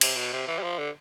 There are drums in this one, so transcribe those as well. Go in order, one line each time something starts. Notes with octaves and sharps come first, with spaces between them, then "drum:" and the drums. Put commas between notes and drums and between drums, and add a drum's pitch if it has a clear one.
C3, drum: cymbal
B2
C3
E3
G3
F3
D3